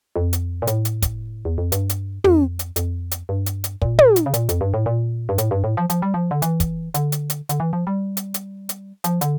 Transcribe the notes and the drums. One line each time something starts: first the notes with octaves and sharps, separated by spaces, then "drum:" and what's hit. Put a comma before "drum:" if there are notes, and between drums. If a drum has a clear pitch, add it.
F2
drum: hi-hat
A#2
A2, drum: hi-hat
drum: hi-hat
drum: kick, hi-hat
E2
F2
G2, drum: hi-hat
drum: hi-hat
F2, drum: tom
drum: hi-hat
F2, drum: hi-hat
drum: hi-hat
G2
drum: hi-hat
drum: hi-hat
A#2, drum: kick
drum: tom
drum: hi-hat
C#3
A#2, drum: hi-hat
F2, drum: hi-hat
G2
A2
A#2
G2
A2, drum: hi-hat
G2
A2
F3
F3, drum: hi-hat
G3
F3
D3
E3, drum: hi-hat
drum: kick, hi-hat
D3, drum: hi-hat
drum: hi-hat
drum: hi-hat
D3, drum: hi-hat
E3
F3
G3
drum: hi-hat
drum: hi-hat
drum: hi-hat
F3, drum: hi-hat
D3, drum: hi-hat